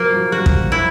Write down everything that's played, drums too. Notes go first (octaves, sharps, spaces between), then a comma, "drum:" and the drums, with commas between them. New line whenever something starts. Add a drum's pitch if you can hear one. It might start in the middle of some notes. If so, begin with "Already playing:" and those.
Already playing: F3 F#3 A#3
F#3
G3 F#4
drum: kick
E4